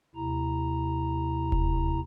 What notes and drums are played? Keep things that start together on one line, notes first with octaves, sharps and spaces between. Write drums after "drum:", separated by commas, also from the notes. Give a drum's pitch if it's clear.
D#2 C3 E4 A#5
drum: kick E1